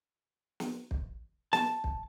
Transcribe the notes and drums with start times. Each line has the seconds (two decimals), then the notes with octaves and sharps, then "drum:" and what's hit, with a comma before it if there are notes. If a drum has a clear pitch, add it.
0.60 drum: snare
0.91 drum: kick
1.53 A5, drum: snare
1.84 drum: kick